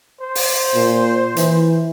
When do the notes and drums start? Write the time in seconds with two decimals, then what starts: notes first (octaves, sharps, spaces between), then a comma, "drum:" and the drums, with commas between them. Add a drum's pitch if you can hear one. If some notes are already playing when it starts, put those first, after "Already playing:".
0.21 C5
0.35 drum: open hi-hat
0.75 A#2
1.36 E3, drum: hi-hat